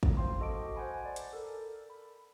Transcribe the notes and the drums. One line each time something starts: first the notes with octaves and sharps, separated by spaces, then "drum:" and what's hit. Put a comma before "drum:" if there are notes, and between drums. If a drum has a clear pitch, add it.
drum: kick
C5 F5 G5 C6
F#4 A4 D#5 A5 D6 D7
C5 F#5 G#5 B5
D5
drum: hi-hat
A4 A#4 D5
B5